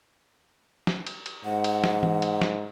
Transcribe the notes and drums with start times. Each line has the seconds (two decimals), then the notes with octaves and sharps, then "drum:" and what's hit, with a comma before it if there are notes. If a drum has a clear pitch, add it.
0.87 drum: snare
1.07 drum: cymbal
1.26 drum: cymbal
1.45 G#2 F#5
1.64 drum: cymbal
1.84 drum: snare
2.03 drum: tom E3
2.22 drum: cymbal
2.41 drum: snare